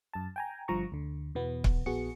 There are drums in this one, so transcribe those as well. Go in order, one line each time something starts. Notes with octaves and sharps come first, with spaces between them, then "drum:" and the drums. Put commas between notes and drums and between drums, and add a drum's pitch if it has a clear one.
F#2 A5
G5 G#5 A#5
G1 G2 F3 A#5 C#6
D2 D3
E2 B2 E3 B3
drum: kick C#1
A#1 B3 F#4 G#4 C#7